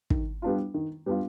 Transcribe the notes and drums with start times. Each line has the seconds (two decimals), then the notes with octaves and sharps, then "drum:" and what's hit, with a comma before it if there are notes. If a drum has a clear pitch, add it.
0.10 D#3, drum: kick
0.42 G3 B3 D4 F4
0.74 D#3
1.06 G3 B3 D4 F4